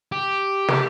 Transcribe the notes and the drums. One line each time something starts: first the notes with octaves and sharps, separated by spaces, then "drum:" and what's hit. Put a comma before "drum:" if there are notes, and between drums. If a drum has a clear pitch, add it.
G4
drum: snare